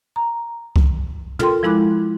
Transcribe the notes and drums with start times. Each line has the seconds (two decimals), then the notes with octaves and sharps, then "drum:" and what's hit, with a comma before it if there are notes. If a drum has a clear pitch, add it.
0.16 A#5
0.76 drum: kick C2
1.39 F4 A4 A#4 G5 C6, drum: tom
1.63 F3 G#3 E4 B5 D6 F#6